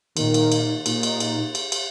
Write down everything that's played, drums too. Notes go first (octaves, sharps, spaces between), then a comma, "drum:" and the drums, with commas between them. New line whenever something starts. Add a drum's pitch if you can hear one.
A#2 D#3 A#3 D#4, drum: cymbal
drum: cymbal
drum: cymbal
A#2 A#3 D#4, drum: cymbal
drum: cymbal
drum: cymbal
drum: cymbal
drum: cymbal